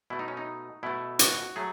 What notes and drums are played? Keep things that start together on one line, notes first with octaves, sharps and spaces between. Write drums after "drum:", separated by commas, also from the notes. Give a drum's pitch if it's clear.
B2 A3 E4
D#4
C#4
D#4
B2 A3 E4
F#4, drum: hi-hat
F#3 A3 G#4